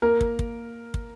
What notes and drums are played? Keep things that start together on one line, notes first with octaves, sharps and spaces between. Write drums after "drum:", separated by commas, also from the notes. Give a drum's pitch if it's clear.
A#3 A#4
drum: kick
drum: kick
drum: kick